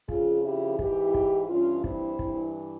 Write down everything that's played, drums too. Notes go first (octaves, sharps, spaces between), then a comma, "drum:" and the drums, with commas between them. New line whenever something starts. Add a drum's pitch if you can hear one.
F2 C#3 F3 F4 G#4, drum: kick
E4 G4
G#2 E3 E4 G4, drum: kick
drum: kick
G2 E3 C#4 F4
C4 E4, drum: kick
G2 E3, drum: kick